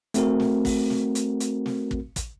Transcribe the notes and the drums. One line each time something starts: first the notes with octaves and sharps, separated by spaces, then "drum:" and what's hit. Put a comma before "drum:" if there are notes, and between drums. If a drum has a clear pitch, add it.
A3 C4 F#4 A#4, drum: hi-hat
drum: snare
drum: kick, open hi-hat
drum: snare
drum: hi-hat
drum: hi-hat
drum: snare
drum: kick
drum: kick, hi-hat